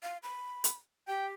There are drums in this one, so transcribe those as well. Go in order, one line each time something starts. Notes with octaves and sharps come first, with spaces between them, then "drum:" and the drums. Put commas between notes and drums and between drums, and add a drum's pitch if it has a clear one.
F5
B5
drum: hi-hat
G4 G5